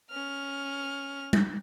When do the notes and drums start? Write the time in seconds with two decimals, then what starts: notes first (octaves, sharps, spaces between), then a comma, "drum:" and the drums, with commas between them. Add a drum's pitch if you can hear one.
0.10 C#4 F6
1.33 drum: tom G3